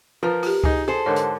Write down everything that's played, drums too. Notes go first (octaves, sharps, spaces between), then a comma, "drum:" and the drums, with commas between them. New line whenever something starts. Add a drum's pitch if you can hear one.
F3 F4 A#4 B4
F4 G4, drum: open hi-hat
D#4 G#4, drum: kick C#2
G#4 A4 C5
G#2 D3 A#4 C#5
drum: hi-hat